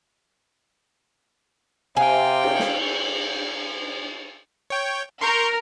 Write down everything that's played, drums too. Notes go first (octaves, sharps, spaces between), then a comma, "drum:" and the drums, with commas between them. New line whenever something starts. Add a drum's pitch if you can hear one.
C3 F5 G5 G#5
drum: cymbal
drum: snare
C#5 G5
A#4 C6 C#6 G6